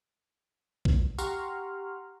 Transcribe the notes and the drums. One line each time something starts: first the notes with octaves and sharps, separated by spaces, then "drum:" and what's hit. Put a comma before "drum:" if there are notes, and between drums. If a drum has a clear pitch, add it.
drum: kick B1
G4 F#5 A#5 C6 C#6 F6, drum: tambourine